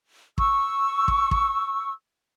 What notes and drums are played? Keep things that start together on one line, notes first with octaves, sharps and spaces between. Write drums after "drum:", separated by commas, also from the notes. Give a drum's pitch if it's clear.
C#6 E6, drum: kick
drum: kick
drum: kick